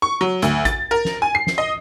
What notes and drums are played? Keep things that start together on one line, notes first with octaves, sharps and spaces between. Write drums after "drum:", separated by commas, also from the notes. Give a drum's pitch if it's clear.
C#6
F#3
D2, drum: hi-hat
A6, drum: kick A1, hi-hat
A#4
drum: snare
G#5
C7
drum: snare
D#5